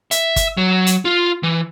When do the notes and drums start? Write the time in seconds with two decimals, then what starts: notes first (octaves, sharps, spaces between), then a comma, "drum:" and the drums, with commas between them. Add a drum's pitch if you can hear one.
0.11 E5, drum: hi-hat
0.36 drum: kick G1, hi-hat
0.57 F#3
0.87 drum: hi-hat
1.05 F4
1.43 E3